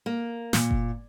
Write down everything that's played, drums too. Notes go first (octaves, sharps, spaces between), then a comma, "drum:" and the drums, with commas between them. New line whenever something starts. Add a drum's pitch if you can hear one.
A#3
A#2, drum: snare
drum: kick F#1